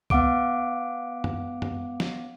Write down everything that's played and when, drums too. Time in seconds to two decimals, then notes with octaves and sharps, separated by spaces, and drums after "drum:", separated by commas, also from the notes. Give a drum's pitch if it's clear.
0.10 B3 F5 F#5 D6 D7, drum: kick B1
1.24 drum: tom F#2
1.62 drum: tom F#2
2.00 drum: snare